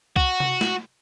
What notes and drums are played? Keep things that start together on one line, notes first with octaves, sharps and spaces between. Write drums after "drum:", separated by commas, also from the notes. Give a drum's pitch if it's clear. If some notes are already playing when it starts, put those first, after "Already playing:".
F#4, drum: kick C2
drum: tom C3
drum: snare A3